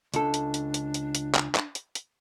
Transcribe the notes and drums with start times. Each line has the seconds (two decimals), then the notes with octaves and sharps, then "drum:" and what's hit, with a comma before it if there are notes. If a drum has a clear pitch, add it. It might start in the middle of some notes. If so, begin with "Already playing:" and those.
0.14 C#2 D4 A4, drum: hi-hat
0.34 drum: hi-hat
0.54 drum: hi-hat
0.74 drum: hi-hat
0.94 drum: hi-hat
1.15 drum: hi-hat
1.35 drum: clap
1.55 drum: clap
1.75 drum: hi-hat
1.95 drum: hi-hat